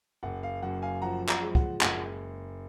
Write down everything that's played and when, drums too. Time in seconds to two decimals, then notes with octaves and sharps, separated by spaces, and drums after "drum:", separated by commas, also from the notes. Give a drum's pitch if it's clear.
0.23 F#1 F#5
0.43 F5
0.62 F#2 F#5
0.82 F5 G#5
1.02 F3 F#5 A#5
1.29 F#5 A#5, drum: clap
1.42 G#3
1.55 F#5, drum: kick
1.81 F#1 F#5, drum: clap